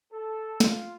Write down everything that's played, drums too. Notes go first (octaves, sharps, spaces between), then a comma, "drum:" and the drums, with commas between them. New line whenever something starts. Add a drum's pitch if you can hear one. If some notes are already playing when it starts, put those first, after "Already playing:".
A4
F4, drum: snare